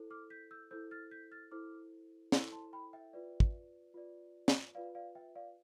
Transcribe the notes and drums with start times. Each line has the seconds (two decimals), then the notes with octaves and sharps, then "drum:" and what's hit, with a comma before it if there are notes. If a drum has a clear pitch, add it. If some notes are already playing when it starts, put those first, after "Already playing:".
Already playing: E4 A4 C5
0.11 D6 F6
0.30 G6 B6
0.51 E6 G6
0.71 E4 A4 C5 E6 G6
0.91 F6 A6
1.11 G6 B6
1.32 F6 A6
1.51 E4 A4 C5 D6 F6
2.32 E4 A4 C5 C6 E6, drum: snare
2.52 A5 C6
2.73 G5 B5
2.93 E5 G5
3.13 F4 B4 D5
3.40 drum: kick
3.94 F4 B4 D5
4.48 drum: snare
4.75 F4 B4 D5 F5
4.95 D5 F5
5.15 E5 G5
5.35 D5 F5